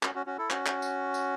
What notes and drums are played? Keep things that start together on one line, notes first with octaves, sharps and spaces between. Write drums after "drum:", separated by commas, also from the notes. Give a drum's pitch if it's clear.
C#4 F#4, drum: clap
C#4 F#4
C#4 F#4
E4 A4
C#4 F#4, drum: clap
drum: clap
drum: tambourine
drum: tambourine